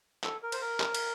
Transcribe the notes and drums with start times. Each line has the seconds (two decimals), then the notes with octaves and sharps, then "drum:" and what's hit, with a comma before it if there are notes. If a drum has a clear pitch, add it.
0.24 A4, drum: clap
0.43 A#4
0.52 C5, drum: cymbal
0.61 A#4
0.80 drum: clap
0.94 drum: cymbal